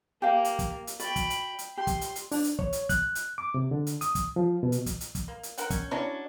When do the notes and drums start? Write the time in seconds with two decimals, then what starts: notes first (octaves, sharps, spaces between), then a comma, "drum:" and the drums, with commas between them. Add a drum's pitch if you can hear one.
0.22 A#3 G4 F5
0.45 drum: hi-hat
0.59 drum: kick, hi-hat
0.87 drum: hi-hat
0.99 F#4 D5 G5 B5, drum: hi-hat
1.16 drum: kick, hi-hat
1.30 drum: hi-hat
1.59 drum: hi-hat
1.77 G4 C6
1.87 drum: kick, hi-hat
2.01 drum: hi-hat
2.16 drum: hi-hat
2.32 D4, drum: open hi-hat
2.44 drum: hi-hat
2.59 C#5, drum: kick
2.73 drum: hi-hat
2.89 F#6, drum: kick, hi-hat
3.15 drum: hi-hat
3.38 D6
3.54 C3
3.71 D3
3.87 drum: hi-hat
4.01 D#6, drum: hi-hat
4.15 drum: kick, hi-hat
4.36 F3
4.63 B2
4.72 drum: hi-hat
4.86 drum: kick, hi-hat
5.01 drum: hi-hat
5.15 drum: kick, hi-hat
5.28 A#3
5.43 drum: hi-hat
5.58 A#4 F#5 G5, drum: hi-hat
5.70 C#4, drum: kick, hi-hat
5.91 C#4 D4 E4 F#4 C#5 A#5